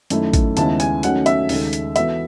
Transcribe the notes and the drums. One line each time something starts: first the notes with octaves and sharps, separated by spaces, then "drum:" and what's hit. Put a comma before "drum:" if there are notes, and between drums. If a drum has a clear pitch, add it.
F#2 D#3 A3 E4, drum: hi-hat
drum: kick A1, hi-hat
D#2 C#3 G#3 B3 E4 A5, drum: hi-hat
G#5, drum: hi-hat
D#3 F#3 A3 C#4 F#5, drum: hi-hat
E5, drum: hi-hat
D#2 C#3 G#3 D#4 A4, drum: open hi-hat
drum: hi-hat
E3 B3 F#4 A4 E5, drum: hi-hat